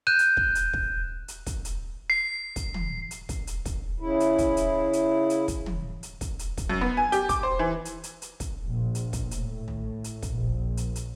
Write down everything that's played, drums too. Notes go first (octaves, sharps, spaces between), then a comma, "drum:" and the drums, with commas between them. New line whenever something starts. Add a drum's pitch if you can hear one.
F#6 G6 D#7 E7
drum: hi-hat
drum: kick
drum: hi-hat
drum: kick
drum: hi-hat
drum: kick, hi-hat
drum: hi-hat
C7
drum: kick, hi-hat
drum: tom
drum: hi-hat
drum: kick, hi-hat
drum: hi-hat
drum: kick, hi-hat
C#3 E4
drum: hi-hat
drum: kick, hi-hat
drum: hi-hat
drum: hi-hat
drum: hi-hat
drum: kick, hi-hat
drum: tom
drum: hi-hat
drum: kick, hi-hat
drum: hi-hat
drum: kick, hi-hat
F#2
B3
G#5
G4, drum: hi-hat
D6, drum: kick, hi-hat
C5
E3
drum: hi-hat
drum: hi-hat
drum: hi-hat
drum: kick, hi-hat
A#1
drum: hi-hat
drum: kick, hi-hat
drum: hi-hat
A2
drum: tom
drum: hi-hat
drum: kick, hi-hat
A#1
drum: hi-hat
drum: hi-hat